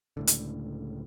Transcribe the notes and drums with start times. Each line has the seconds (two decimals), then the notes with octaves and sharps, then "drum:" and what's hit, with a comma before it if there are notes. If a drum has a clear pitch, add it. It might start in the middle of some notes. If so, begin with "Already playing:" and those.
0.17 C#2 A2 D3
0.27 drum: hi-hat